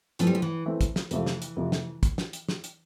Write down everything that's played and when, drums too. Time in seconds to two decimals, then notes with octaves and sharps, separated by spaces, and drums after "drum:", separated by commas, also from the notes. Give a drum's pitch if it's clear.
0.19 E3 F3 A3 C4, drum: hi-hat
0.27 G3
0.35 F3
0.42 E3
0.66 E3 A3 C4
0.81 drum: kick, hi-hat
0.96 drum: snare
1.11 F2 C3 E3 F3 A3, drum: hi-hat
1.26 drum: snare
1.42 drum: hi-hat
1.57 F2 C3 F3 A3
1.72 drum: snare
2.03 drum: kick, hi-hat
2.18 drum: snare
2.33 drum: hi-hat
2.49 drum: snare
2.64 drum: hi-hat